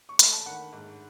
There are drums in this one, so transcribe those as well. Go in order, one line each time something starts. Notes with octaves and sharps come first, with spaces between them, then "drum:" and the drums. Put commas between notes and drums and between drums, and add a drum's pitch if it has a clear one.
C#6
A3 B5, drum: hi-hat
A5
D#3 F#5
G#2